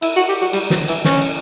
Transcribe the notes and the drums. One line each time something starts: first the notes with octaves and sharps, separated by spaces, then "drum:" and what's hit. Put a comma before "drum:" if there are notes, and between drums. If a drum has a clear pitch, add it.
E4, drum: cymbal
F#4
G4
F#4
G3, drum: cymbal
F#3, drum: snare
E3, drum: cymbal
C#4, drum: snare
drum: cymbal